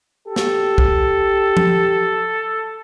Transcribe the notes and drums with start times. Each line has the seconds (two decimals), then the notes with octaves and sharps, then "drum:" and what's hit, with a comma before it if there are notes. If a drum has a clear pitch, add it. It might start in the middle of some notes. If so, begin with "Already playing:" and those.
0.27 G4 A4
0.36 drum: snare
0.78 drum: kick
1.57 drum: tom F3